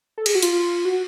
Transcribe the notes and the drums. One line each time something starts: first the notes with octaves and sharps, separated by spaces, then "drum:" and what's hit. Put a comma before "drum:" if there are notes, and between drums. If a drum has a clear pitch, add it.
A4
G#4, drum: cymbal
F#4
F4, drum: hi-hat
F#4